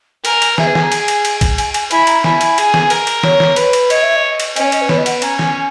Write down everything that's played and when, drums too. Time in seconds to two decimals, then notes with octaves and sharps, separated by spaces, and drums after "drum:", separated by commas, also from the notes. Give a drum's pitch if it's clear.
0.25 A#4 G#5, drum: cymbal
0.42 drum: cymbal
0.58 G#4 E5, drum: snare
0.67 B4
0.75 G#5, drum: snare
0.83 A#5
0.92 G#5, drum: cymbal
1.08 drum: cymbal
1.25 drum: cymbal
1.41 drum: kick, cymbal
1.58 G#5, drum: cymbal
1.74 G#5, drum: cymbal
1.91 E4 G#5, drum: cymbal
2.07 A#5, drum: cymbal
2.24 E4 G#5, drum: snare
2.41 drum: cymbal
2.58 G#4, drum: cymbal
2.74 drum: snare
2.90 A#4, drum: cymbal
3.07 drum: cymbal
3.23 C#5, drum: snare
3.40 drum: snare
3.56 B4, drum: cymbal
3.73 drum: cymbal
3.90 C#5 D#5, drum: cymbal
4.03 E5
4.16 D#5
4.40 drum: cymbal
4.56 C#4 D#5, drum: cymbal
4.64 C#5
4.72 D#5, drum: cymbal
4.81 B4
4.89 B3 C#5, drum: snare
4.97 D#5
5.06 F#5, drum: cymbal
5.22 C#4 A#5, drum: cymbal
5.39 G#5, drum: snare